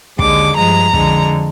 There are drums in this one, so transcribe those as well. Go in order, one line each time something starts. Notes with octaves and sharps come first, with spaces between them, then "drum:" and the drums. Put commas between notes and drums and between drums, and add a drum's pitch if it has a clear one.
D#2 D3 G#3 D6, drum: kick
G2 F3 G#3 A#5
F2 D3 G#3, drum: kick